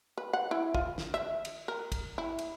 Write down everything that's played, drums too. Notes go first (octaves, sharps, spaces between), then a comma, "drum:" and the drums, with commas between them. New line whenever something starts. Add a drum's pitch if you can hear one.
B4
F#5
E4
F4, drum: kick
drum: snare
E5
drum: cymbal
A#4
drum: kick, cymbal
E4
drum: cymbal